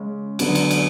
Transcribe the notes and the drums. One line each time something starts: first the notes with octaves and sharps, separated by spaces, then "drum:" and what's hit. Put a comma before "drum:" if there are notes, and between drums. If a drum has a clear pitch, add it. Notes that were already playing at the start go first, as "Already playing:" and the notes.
Already playing: C#3 G#3 C#4
D3 F#3 B3 F#4, drum: cymbal
drum: cymbal
drum: cymbal